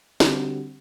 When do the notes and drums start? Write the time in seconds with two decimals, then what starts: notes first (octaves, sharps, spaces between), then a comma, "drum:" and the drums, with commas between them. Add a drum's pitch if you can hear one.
0.20 D3 G3 C4 F#4, drum: snare